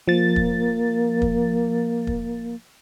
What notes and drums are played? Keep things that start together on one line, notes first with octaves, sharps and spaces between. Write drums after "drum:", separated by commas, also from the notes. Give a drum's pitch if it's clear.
F3 A#3 A6
drum: kick
drum: kick
drum: kick